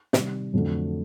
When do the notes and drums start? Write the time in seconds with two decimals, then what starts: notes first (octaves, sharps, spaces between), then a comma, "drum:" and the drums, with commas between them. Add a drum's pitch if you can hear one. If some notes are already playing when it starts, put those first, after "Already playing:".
0.13 C3 D#3 G3, drum: snare
0.53 F2 D3 F#3 A3